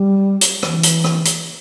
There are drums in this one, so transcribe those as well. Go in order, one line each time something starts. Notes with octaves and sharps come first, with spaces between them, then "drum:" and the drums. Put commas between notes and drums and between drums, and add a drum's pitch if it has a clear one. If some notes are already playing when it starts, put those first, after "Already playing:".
Already playing: G3
drum: hi-hat
E3, drum: rim click
drum: hi-hat
drum: rim click
drum: hi-hat